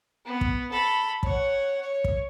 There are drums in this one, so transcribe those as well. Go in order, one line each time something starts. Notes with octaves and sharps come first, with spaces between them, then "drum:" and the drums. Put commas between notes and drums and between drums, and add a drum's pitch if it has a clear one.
B3
drum: kick
A4 B5
C#5 F#5, drum: kick
C#5
drum: kick